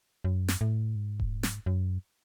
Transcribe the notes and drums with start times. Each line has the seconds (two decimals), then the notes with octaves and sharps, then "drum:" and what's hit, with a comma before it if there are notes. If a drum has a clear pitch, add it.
0.24 F#2
0.48 drum: snare
0.61 A2
0.96 G#2
1.20 drum: kick D#1
1.43 drum: snare
1.66 F#2